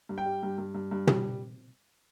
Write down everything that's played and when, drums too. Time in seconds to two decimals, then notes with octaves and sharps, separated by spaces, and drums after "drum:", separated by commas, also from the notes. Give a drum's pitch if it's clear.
0.09 G2
0.18 G5
0.26 G3
0.43 G2
0.58 G2
0.74 G2
0.91 G2
1.07 G3, drum: tom